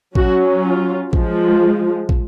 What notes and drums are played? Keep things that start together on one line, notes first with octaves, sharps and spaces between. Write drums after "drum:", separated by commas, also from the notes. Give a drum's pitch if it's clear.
F#3 C#4 F#4, drum: kick
F4
F3 G#3, drum: kick
drum: kick